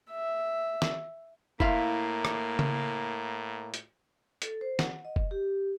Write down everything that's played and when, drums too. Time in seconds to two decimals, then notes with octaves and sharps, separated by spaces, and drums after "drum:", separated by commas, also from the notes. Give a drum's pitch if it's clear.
0.12 E5
0.82 drum: snare
1.60 A2 A#3 E4 F5, drum: kick F1
2.25 drum: rim click
2.59 drum: tom C#3
3.74 drum: hi-hat
4.42 A4, drum: hi-hat
4.61 C5
4.79 F#5, drum: snare
5.05 D#5
5.16 drum: kick F1
5.31 G4